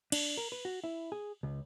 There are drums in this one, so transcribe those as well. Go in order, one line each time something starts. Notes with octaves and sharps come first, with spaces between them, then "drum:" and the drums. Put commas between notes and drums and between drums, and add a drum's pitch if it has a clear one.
D4, drum: cymbal
A#4
B4
F#4
E4
G#4
C#2